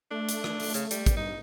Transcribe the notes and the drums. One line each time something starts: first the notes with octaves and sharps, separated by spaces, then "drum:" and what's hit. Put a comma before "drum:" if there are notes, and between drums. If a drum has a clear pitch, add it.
A3 D4
drum: hi-hat
drum: rim click
drum: open hi-hat
C#3, drum: hi-hat
G3, drum: hi-hat
drum: kick, hi-hat
G2 D#4